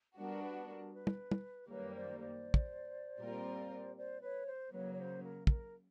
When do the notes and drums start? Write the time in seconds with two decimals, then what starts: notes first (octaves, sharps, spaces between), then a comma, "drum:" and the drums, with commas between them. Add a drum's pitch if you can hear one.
0.17 G3 B3 D4 F#4 A#4
0.43 B4
0.68 A#4
0.93 B4
1.07 drum: tom
1.31 drum: tom
1.69 F#2 D#3 G3 A#3 B4 C#5
1.89 C#5
1.94 C5 D5
2.19 C5 D5
2.54 drum: kick
3.20 A#2 G3 C4 F4 A#4
3.96 C5 D5
4.21 B4 C#5
4.46 C5
4.71 C#3 F#3 A#3 B4 C#5
4.93 C#5
4.97 C5
5.23 A#4
5.47 A#4, drum: kick